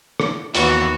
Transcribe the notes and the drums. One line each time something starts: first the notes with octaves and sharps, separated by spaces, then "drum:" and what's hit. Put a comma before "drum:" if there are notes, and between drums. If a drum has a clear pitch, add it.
drum: rim click
D#2 E3 B3 F#4, drum: hi-hat